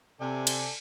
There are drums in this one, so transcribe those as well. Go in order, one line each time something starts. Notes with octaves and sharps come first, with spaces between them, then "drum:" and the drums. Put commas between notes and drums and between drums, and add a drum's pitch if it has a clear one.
C3 A4 D5 G#5
drum: cymbal